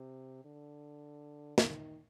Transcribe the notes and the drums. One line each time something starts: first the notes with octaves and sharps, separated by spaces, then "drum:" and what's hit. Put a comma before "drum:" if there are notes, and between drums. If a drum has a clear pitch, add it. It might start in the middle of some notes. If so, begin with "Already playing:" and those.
Already playing: C3
D3
D#3, drum: snare